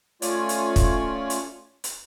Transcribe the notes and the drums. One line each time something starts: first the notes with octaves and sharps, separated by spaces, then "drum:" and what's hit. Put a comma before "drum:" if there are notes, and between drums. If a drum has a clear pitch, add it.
A3 C#4 F4 C#5 D5 G#5, drum: hi-hat
drum: hi-hat
drum: kick, hi-hat
drum: hi-hat
drum: hi-hat